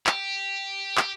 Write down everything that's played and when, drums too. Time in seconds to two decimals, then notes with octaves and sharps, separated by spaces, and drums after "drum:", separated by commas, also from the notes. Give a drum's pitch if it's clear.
0.07 G4, drum: clap
0.97 drum: clap